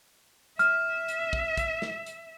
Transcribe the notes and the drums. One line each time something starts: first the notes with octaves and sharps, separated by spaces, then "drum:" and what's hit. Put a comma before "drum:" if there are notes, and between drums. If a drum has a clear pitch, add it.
E5 F6, drum: hi-hat
drum: hi-hat
drum: kick
drum: kick, hi-hat
drum: snare
drum: hi-hat